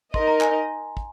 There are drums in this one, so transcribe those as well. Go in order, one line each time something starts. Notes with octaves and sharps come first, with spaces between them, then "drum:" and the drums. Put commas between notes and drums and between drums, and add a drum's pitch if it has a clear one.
D#4 A#4 D#5 C6, drum: kick
A#5
G#5, drum: clap
drum: kick